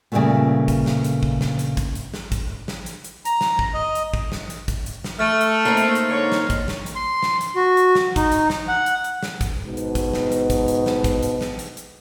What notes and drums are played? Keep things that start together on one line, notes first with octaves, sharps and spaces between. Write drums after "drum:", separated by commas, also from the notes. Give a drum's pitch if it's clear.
A#2 C#3 F3 G3 A3 B3
drum: kick, hi-hat
drum: snare
drum: hi-hat
drum: kick
drum: snare
drum: hi-hat
drum: kick, hi-hat
drum: hi-hat
drum: snare
drum: kick, hi-hat
drum: snare
drum: hi-hat
drum: hi-hat
A#5, drum: hi-hat
drum: snare
drum: kick
D#5
drum: hi-hat
drum: kick
drum: snare
drum: hi-hat
drum: kick, hi-hat
drum: hi-hat
drum: snare
A3 F6 A6
drum: hi-hat
A#3 C4 D#4 C7
drum: hi-hat
drum: hi-hat
G#2 D3 C#5
drum: snare
drum: kick, hi-hat
drum: snare
drum: hi-hat
C6
drum: snare
drum: hi-hat
F#4
drum: hi-hat
drum: snare
D#4, drum: kick, hi-hat
drum: hi-hat
drum: snare
F#5
drum: hi-hat
drum: hi-hat
drum: snare
drum: kick, hi-hat
G#2 B2
drum: hi-hat
drum: kick, hi-hat
drum: snare
drum: hi-hat
drum: kick, hi-hat
drum: hi-hat
drum: snare
drum: kick, hi-hat
drum: hi-hat
drum: snare
drum: hi-hat
drum: hi-hat